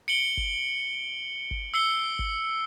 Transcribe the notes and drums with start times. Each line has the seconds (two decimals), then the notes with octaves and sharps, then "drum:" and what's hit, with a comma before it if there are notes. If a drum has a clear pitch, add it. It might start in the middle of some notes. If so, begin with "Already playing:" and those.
0.08 C#7 D7 F#7 G7
0.37 drum: kick G1
1.51 drum: kick G1
1.74 E6 C7 C#7 G7
2.19 drum: kick G1